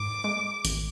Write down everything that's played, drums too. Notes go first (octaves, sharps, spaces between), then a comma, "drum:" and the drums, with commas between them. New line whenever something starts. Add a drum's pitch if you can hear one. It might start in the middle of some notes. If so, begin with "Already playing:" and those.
Already playing: G#2 D6
G#3
A1, drum: hi-hat